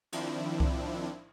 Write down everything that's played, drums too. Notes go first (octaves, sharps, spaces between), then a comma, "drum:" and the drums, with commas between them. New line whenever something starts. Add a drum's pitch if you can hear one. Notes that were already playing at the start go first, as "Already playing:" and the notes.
D#3 F3 C4 D4 E4, drum: cymbal
drum: kick C2